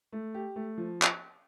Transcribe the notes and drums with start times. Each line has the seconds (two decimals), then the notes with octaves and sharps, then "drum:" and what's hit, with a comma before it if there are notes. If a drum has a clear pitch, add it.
0.13 A3
0.34 G4
0.56 A3
0.78 F3
1.02 drum: clap